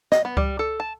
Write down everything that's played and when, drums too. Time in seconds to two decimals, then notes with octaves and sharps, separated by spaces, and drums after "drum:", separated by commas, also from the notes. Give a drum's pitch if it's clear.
0.12 D#5, drum: snare
0.25 B3
0.37 G3, drum: kick C#2
0.59 A4
0.80 A5